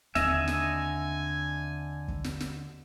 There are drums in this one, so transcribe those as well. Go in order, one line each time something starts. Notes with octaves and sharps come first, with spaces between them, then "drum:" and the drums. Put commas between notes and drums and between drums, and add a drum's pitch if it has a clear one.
D#2 D3 C4 D#5 E5 G#5, drum: snare
drum: snare
drum: kick
drum: snare
drum: snare